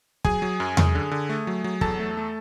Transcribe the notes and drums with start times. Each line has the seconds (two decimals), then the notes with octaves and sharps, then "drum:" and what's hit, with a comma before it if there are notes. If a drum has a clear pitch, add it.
0.25 F#3 G#4 G#5, drum: kick
0.42 F#3
0.60 F#2
0.77 F#2, drum: tom E2
0.95 D3
1.11 D3
1.29 A3
1.47 F#3
1.64 F#3
1.81 E2 A4 A5, drum: kick
2.00 A3
2.17 A3